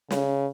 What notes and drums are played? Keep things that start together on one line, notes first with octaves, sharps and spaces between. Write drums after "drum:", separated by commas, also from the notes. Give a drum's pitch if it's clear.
C#3, drum: snare